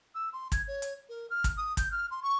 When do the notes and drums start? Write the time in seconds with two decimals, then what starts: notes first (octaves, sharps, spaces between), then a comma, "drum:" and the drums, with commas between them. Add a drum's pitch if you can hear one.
0.14 E6
0.32 C6
0.52 G#6, drum: kick, hi-hat
0.67 C#5
0.82 drum: hi-hat
1.09 A#4
1.29 F6
1.44 drum: kick, hi-hat
1.57 D#6
1.77 G6, drum: kick, hi-hat
1.91 F6
2.10 C6
2.22 C#6